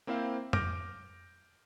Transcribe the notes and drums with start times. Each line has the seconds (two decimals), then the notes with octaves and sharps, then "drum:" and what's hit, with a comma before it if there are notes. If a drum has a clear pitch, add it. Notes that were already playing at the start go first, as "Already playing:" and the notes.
0.07 A#3 C4 E4 C5 F5
0.53 D6 F6 G6 A#6 D7, drum: tom F2